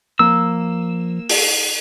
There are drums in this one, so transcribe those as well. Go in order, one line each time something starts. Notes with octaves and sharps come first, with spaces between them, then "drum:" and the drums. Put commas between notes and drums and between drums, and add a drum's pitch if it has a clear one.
F3 A#3 E6
drum: open hi-hat